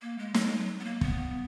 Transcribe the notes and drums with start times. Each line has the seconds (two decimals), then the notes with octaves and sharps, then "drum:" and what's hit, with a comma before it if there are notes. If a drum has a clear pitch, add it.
0.02 A#3
0.18 G#3
0.34 F#3, drum: snare
0.46 G#3
0.57 F#3
0.80 B3
0.85 A#3
1.01 B3, drum: kick